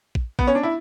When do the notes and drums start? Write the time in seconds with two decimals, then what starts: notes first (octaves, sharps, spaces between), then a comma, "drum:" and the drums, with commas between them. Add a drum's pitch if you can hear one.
0.15 drum: kick
0.39 B3, drum: kick
0.47 C#4
0.55 D4
0.63 E4